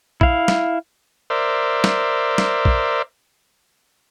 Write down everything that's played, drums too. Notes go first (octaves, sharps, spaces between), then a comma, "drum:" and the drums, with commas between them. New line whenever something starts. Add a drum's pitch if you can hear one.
E4 F5, drum: kick A#1
drum: snare
A#4 C5 D5 E5
drum: snare
drum: snare
drum: kick A#1